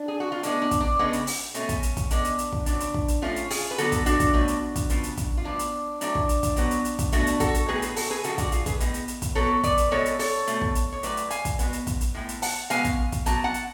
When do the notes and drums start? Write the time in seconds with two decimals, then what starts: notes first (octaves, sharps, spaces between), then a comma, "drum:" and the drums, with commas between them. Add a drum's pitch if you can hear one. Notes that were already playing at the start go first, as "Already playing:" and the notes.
Already playing: D4
0.08 G#4
0.20 F#4
0.32 F4
0.43 A2 G#3 B3 D4, drum: hi-hat
0.62 D4
0.71 drum: kick, hi-hat
0.81 D4
0.99 C#3 G#3 B3
1.13 drum: hi-hat
1.27 drum: open hi-hat
1.54 B2 A3 C#4, drum: hi-hat
1.69 drum: kick, hi-hat
1.83 drum: hi-hat
1.97 drum: kick, hi-hat
2.10 D3 G#3 B3 D4, drum: hi-hat
2.25 drum: hi-hat
2.38 drum: hi-hat
2.52 drum: kick
2.66 C#3 F#3 B3 D4, drum: hi-hat
2.80 drum: hi-hat
2.94 drum: kick
3.08 drum: hi-hat
3.22 A2 F3 A3 C#4 F4
3.36 drum: hi-hat
3.50 F4 G#4, drum: open hi-hat
3.71 B4
3.78 D3 F#3 B3 F#4 A4, drum: hi-hat
3.92 drum: kick, hi-hat
4.06 D4 F#4, drum: hi-hat
4.20 drum: kick, hi-hat
4.34 B2 F#3 A3
4.48 drum: hi-hat
4.76 drum: kick, hi-hat
4.89 C#3 F3 B3, drum: hi-hat
5.03 drum: hi-hat
5.17 drum: kick, hi-hat
5.37 F4
5.45 A2 F3 B3 D4
5.59 drum: hi-hat
6.01 A2 F#3 A3 D4, drum: hi-hat
6.15 drum: kick
6.29 drum: hi-hat
6.43 drum: kick, hi-hat
6.57 B2 F#3 B3, drum: hi-hat
6.71 drum: hi-hat
6.85 drum: hi-hat
6.99 drum: kick, hi-hat
7.12 B2 A3 D4 F#4, drum: hi-hat
7.27 drum: hi-hat
7.40 F#4 A4, drum: kick, hi-hat
7.54 drum: hi-hat
7.68 A2 F#3 B3 G#4 B4
7.82 G#4 B4, drum: hi-hat
7.96 F#4 A4, drum: open hi-hat
8.10 G#4 B4
8.24 C#3 F3 G#3 F#4 A4, drum: hi-hat
8.38 D4 F#4, drum: kick, hi-hat
8.52 F4 G#4, drum: hi-hat
8.66 G#4 B4, drum: kick, hi-hat
8.80 A2 G#3 B3, drum: hi-hat
8.94 drum: hi-hat
9.08 drum: hi-hat
9.22 drum: kick, hi-hat
9.35 B2 F#3 B3 A4 C#5
9.63 B4 D5, drum: kick, hi-hat
9.78 drum: hi-hat
9.91 B2 G#3 B3 A4 C#5
10.05 drum: hi-hat
10.19 A4 C#5, drum: open hi-hat
10.47 B2 A3, drum: hi-hat
10.61 drum: kick
10.75 drum: hi-hat
10.93 C#5
11.03 A2 F#3 A3 B4 D5, drum: hi-hat
11.17 drum: hi-hat
11.30 F5 G#5, drum: hi-hat
11.45 drum: kick, hi-hat
11.59 B2 G#3 B3, drum: hi-hat
11.73 drum: hi-hat
11.87 drum: kick, hi-hat
12.01 drum: hi-hat
12.15 A2 G#3 B3
12.29 drum: hi-hat
12.42 F#5 A5, drum: open hi-hat
12.70 B2 G#3 B3 F5 G#5, drum: hi-hat
12.84 drum: kick, hi-hat
13.12 drum: kick, hi-hat
13.26 B2 F#3 A5, drum: hi-hat
13.44 F#5 A5
13.54 drum: hi-hat